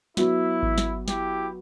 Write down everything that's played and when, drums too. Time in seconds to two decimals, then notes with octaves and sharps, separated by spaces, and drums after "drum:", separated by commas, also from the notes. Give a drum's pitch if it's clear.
0.17 F#3 B3 E4 F#4, drum: snare
0.63 drum: kick G#1
0.78 drum: snare
1.08 E4 G4, drum: snare